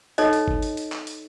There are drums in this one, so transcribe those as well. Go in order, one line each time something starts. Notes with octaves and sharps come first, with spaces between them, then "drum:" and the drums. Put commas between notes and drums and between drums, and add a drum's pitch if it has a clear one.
D#4 A4 C#5 D#5, drum: hi-hat
drum: hi-hat
drum: kick G1
drum: hi-hat
drum: hi-hat
drum: clap
drum: hi-hat